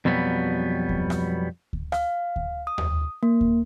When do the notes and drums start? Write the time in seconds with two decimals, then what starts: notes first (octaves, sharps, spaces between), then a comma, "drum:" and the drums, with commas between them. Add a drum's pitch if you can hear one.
0.05 F2 B2 F#3 G3 B3
0.89 drum: kick D2
1.10 drum: rim click
1.73 drum: kick D2
1.92 F5, drum: rim click
2.36 drum: kick D2
2.67 D#6
2.78 drum: tom D#2
3.23 A#3
3.41 drum: kick D2